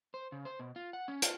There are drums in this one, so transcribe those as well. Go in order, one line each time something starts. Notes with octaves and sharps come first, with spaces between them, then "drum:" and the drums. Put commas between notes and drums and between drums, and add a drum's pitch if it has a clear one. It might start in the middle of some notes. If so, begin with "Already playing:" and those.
C5
C#3
C5
B2
F4
F#5
C#4
F4, drum: hi-hat